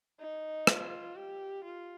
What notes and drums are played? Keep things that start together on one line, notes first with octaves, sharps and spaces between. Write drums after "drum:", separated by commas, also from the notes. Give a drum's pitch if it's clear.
D#4
F4, drum: rim click
G4
F4